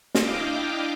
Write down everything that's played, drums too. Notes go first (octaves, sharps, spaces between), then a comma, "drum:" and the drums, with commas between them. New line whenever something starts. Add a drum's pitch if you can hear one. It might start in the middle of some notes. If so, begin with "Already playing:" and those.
D4 E4 D#5 F5 G5 D6, drum: snare